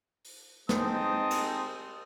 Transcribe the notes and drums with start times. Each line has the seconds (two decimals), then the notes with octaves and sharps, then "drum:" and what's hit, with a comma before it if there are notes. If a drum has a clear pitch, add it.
0.25 drum: open hi-hat
0.69 G#3 C4 D#4 D#5 A5 D#6, drum: snare
1.30 drum: cymbal